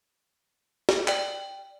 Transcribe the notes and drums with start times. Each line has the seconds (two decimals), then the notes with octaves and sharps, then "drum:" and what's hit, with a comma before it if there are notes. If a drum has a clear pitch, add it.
0.89 drum: snare
1.08 D5 G5, drum: clap